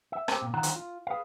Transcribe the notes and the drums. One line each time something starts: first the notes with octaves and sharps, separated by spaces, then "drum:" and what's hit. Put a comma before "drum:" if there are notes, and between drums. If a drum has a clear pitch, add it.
E5
C4 G4, drum: rim click
A#2
D3 D#3 F4 F#5 A#5
drum: hi-hat
F4
G#4 B4 F5